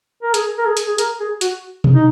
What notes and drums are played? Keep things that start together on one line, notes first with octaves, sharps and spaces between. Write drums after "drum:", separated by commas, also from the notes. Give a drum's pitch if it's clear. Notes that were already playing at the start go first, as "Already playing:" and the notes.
A#4
G#4, drum: hi-hat
A#4
G#4
drum: hi-hat
G#4
A#4, drum: hi-hat
G#4
F#4, drum: hi-hat
drum: tom B2
D#4